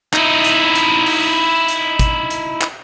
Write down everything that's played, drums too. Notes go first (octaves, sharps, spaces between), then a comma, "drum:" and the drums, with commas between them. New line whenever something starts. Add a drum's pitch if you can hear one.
D#4 E4, drum: clap
drum: hi-hat
drum: hi-hat
drum: open hi-hat
drum: hi-hat
drum: kick, hi-hat
drum: hi-hat
drum: clap